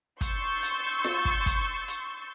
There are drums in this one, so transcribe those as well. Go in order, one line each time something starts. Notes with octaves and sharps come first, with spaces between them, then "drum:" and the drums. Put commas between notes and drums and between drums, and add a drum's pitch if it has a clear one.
C6 C#6 E6 G6 A6, drum: kick, hi-hat
drum: hi-hat
drum: snare F4
drum: kick
drum: kick, hi-hat
drum: hi-hat